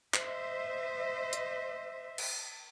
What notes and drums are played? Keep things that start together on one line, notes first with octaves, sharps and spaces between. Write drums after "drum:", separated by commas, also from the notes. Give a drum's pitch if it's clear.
C5 D#5 E5, drum: clap
drum: hi-hat
drum: cymbal